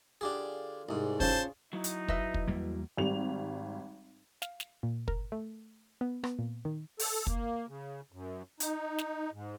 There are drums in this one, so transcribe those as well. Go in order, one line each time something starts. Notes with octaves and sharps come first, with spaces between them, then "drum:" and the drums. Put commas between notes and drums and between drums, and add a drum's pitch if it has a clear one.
D3 D4 F4 G4 G#4 G#5
C2 G#2 G#4 C#5 D5
C#4 F4 C5 A5, drum: kick
F#3 D#4 E4 F#4
drum: hi-hat
B4 D#5 E5, drum: kick
drum: kick
E2 G3 A#3
G#1 G3 F7
F5, drum: snare
drum: snare
A#2
A#4, drum: kick
A3
B3
B3, drum: rim click
A#2
D#3
A4, drum: open hi-hat
A#3, drum: kick
C#3
F#2
D#4, drum: hi-hat
drum: snare
G#2